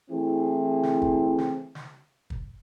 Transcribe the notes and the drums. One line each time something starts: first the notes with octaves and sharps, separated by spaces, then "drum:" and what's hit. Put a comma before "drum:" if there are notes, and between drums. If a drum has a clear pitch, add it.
E3 A3 C4 E4 G#4
drum: snare
drum: kick
drum: snare
drum: snare
drum: kick